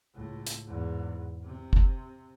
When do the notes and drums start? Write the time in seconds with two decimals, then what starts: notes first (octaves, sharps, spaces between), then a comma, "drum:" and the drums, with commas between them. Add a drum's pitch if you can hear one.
0.14 C#2 A2
0.47 drum: hi-hat
0.65 E2 G#2
1.44 C3
1.73 drum: kick